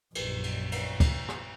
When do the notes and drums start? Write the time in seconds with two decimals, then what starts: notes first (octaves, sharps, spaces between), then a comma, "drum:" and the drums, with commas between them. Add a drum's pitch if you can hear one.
0.15 A#1 F#2, drum: cymbal
0.43 drum: cymbal
0.72 drum: cymbal
1.00 drum: kick C#2, cymbal
1.29 drum: rim click